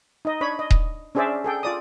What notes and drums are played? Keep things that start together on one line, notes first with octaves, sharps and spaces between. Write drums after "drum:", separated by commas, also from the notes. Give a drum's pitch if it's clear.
D#4 D#5
D4 C#5 B5
D#5
drum: kick D#1
C#4 D4 G#4 C5 D5 E5
G#4 A4 G5
F4 D5 D#6